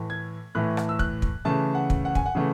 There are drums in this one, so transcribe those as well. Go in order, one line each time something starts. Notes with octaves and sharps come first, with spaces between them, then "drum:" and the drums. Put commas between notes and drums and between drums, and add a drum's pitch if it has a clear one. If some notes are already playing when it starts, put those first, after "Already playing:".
Already playing: A2 E3 A3
G#6
A2 E3 A3 F#6
drum: rim click
E6
F#6, drum: kick
drum: kick
C#3 E3 A3 A5
F#5
drum: kick
F#5
G#5, drum: kick
F#5
C#3 E3 A3